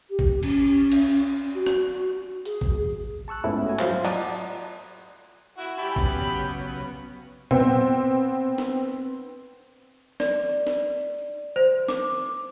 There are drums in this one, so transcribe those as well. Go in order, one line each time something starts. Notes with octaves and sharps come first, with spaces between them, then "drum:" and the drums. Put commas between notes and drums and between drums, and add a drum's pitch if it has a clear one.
G4
drum: kick A1
C#4, drum: cymbal
drum: cymbal
F#4
drum: rim click
G#4, drum: hi-hat
drum: kick A1
A5 C#6 E6 F#6
G#2 A3 B3 C#4 E4
F#4 G#5
F#3 F4 C5, drum: clap
D5 D#5 F#5 A5 A#5 D#6, drum: cymbal
E4 F#4
E4 G4 G#5 A5 B5
C#3 F#3 B3, drum: kick A1
B3 C4, drum: tom A#2
drum: snare
D5, drum: snare
drum: snare
drum: tambourine
C5
D6, drum: snare